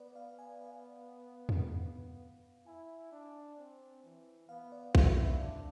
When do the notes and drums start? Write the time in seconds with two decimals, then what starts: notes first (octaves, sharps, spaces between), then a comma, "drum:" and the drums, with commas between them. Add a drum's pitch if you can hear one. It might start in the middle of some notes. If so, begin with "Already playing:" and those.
Already playing: B3 B4 D5
0.16 F5
0.39 G#5
0.61 F5
1.49 drum: tom E2
2.66 E4 G#5
3.12 D4
3.58 C4
4.04 E3
4.49 B3 F5
4.72 D5
4.95 E4 F5, drum: kick A#1
5.17 E5
5.40 D4 E5